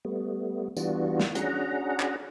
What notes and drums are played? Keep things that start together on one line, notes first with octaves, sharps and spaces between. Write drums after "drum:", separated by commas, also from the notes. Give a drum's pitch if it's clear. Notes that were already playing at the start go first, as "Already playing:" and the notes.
G3 A3 B3
E3 G3 B3 D4 F4 F#4, drum: tambourine
drum: snare
C#4 D4 F#4 G#4 F#5 A#5, drum: hi-hat
drum: clap